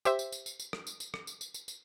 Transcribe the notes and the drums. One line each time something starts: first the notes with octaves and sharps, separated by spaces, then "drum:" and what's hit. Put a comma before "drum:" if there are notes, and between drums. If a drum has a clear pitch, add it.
G4 C5 E5, drum: tambourine
drum: tambourine
drum: tambourine
drum: tambourine
drum: tambourine
drum: rim click
drum: tambourine
drum: tambourine
drum: rim click
drum: tambourine
drum: tambourine
drum: tambourine
drum: tambourine